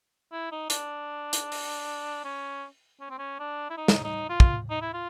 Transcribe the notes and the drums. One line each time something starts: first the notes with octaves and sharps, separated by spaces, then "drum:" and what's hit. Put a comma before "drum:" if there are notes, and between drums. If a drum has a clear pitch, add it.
E4
D#4
D4, drum: hi-hat
drum: hi-hat
drum: open hi-hat
C#4
C#4
C4
C#4
D4
E4
D#4
drum: snare
D#4
F4
drum: kick
D#4
E4
F4